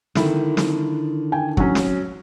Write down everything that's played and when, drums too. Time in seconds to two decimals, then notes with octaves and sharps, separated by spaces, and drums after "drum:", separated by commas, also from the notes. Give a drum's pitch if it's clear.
0.15 D3 D#3 E4, drum: snare
0.57 drum: snare
1.32 G5 G#5
1.57 F#3 C#4, drum: kick
1.75 drum: snare